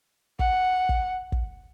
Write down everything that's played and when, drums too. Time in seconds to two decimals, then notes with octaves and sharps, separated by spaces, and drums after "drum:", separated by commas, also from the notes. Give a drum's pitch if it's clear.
0.39 F#5, drum: kick
0.89 drum: kick
1.32 drum: kick